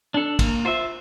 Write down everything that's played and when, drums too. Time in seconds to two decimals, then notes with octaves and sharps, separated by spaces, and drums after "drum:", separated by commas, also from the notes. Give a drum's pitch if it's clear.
0.14 D4 A4
0.39 A#3, drum: kick, cymbal
0.65 F4 C5 E5